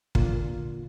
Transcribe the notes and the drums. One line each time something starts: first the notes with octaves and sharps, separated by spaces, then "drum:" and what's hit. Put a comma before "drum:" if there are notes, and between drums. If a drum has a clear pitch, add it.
A#2 D3 A#3 F4, drum: kick